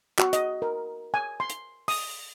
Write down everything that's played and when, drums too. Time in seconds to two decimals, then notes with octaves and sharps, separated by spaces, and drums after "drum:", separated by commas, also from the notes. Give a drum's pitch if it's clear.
0.19 F#4, drum: clap
0.33 D#5, drum: hi-hat
0.62 A#4
1.14 G#5
1.40 C6
1.50 drum: hi-hat
1.88 D#6, drum: open hi-hat